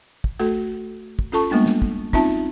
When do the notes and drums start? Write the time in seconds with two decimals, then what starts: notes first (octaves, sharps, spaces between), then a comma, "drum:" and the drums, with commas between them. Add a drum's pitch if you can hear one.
0.24 drum: kick
0.39 A3 F#4 A4
1.19 drum: kick
1.32 C#4 F4 A4 A5 C#6
1.50 G3 G#3 A#3 B3 D4
1.66 drum: snare
1.82 drum: kick
2.13 C4 C#4 D#4 F4 E5 A5, drum: kick